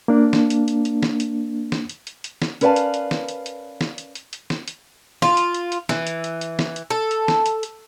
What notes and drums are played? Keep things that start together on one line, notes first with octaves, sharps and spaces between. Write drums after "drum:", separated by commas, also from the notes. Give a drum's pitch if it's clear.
A#3 D4
drum: snare
drum: hi-hat
drum: hi-hat
drum: hi-hat
drum: snare
drum: hi-hat
drum: snare
drum: hi-hat
drum: hi-hat
drum: hi-hat
drum: snare
C#4 A#4 B4 D5 F5 A5, drum: hi-hat
drum: hi-hat
drum: hi-hat
drum: snare
drum: hi-hat
drum: hi-hat
drum: snare
drum: hi-hat
drum: hi-hat
drum: hi-hat
drum: snare
drum: hi-hat
F4, drum: snare
drum: hi-hat
drum: hi-hat
drum: hi-hat
E3, drum: snare
drum: hi-hat
drum: hi-hat
drum: hi-hat
drum: snare
drum: hi-hat
A4
drum: hi-hat
drum: snare
drum: hi-hat
drum: hi-hat